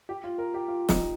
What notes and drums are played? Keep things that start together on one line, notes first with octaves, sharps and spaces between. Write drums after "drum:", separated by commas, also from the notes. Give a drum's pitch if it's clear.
G4
F4
A#4
G4
F4
D#4, drum: snare